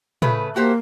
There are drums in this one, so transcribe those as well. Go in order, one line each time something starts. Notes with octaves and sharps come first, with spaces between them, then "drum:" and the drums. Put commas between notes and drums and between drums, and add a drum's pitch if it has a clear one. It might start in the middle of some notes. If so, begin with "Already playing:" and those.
C#3 A3 B4, drum: tom
A#3 F#4 G4 C5